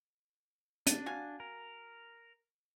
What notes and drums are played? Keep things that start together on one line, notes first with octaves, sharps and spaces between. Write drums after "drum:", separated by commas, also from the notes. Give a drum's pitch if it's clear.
D4, drum: hi-hat
F#4 F5 G#5
A#4